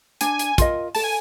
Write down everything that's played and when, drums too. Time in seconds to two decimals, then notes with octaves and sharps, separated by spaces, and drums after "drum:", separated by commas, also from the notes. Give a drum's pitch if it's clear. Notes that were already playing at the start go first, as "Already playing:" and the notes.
0.21 D4 G#5, drum: hi-hat
0.39 drum: hi-hat
0.58 F4 A#4 D#5, drum: kick, hi-hat
0.95 A4 A5, drum: open hi-hat
1.04 G#5